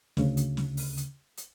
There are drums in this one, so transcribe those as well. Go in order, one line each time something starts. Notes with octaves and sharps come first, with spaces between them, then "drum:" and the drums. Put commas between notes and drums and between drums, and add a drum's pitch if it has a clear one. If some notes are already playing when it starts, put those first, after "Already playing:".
D2 C#3, drum: snare
drum: hi-hat
drum: snare
drum: open hi-hat
drum: hi-hat
drum: hi-hat